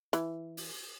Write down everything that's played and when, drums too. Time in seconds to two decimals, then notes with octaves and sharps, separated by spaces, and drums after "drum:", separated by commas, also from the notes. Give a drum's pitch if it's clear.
0.13 E3, drum: hi-hat
0.57 drum: open hi-hat